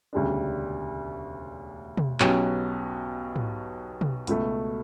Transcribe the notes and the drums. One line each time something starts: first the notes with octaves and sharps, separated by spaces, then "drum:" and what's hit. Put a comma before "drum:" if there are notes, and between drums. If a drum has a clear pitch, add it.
E1 D2 C#3 G3 D4
drum: tom
B1 B2 F#3 C#4 G4, drum: clap
drum: tom
drum: tom
C#2 B2 A3, drum: hi-hat